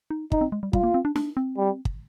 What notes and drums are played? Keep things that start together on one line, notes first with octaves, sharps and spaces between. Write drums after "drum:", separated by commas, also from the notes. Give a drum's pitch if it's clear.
D#4
D#4, drum: kick
C4
G#3
G3
G3 F4, drum: kick
A#3
C4
D4
D4, drum: snare
C4
G3
drum: kick